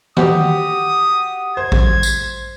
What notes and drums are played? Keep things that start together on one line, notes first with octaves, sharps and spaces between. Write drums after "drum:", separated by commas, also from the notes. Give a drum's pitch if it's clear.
F#4 G4 D#6, drum: tom D#3
C5 G#6
drum: kick A1
drum: tambourine